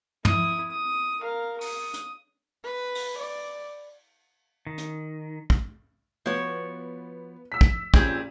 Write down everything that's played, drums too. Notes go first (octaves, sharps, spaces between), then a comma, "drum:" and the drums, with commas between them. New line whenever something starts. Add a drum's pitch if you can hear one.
E4 D#6, drum: tom
D#6
A#4 F5
D#6, drum: open hi-hat
drum: hi-hat
B4
drum: open hi-hat
D5
D#3
drum: hi-hat
drum: kick
F3 B3 F#4 C#5
E6 B6
drum: kick
A#2 G3 C4 C#4 G#4, drum: kick